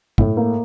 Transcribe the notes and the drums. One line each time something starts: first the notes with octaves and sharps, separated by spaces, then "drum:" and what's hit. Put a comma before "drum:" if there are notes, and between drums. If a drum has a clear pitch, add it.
A2, drum: kick
A#3